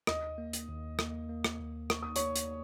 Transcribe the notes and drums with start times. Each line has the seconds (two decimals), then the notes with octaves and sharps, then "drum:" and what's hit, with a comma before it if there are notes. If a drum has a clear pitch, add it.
0.07 D#2 D#5 D#6, drum: rim click
0.38 A#3
0.53 drum: hi-hat
0.69 D#2
0.99 A#3, drum: rim click
1.29 A#3
1.44 drum: rim click
1.60 D#2
1.90 A#3 C#6, drum: rim click
2.03 D#6
2.16 A#3 C#5 C#6, drum: hi-hat
2.36 drum: hi-hat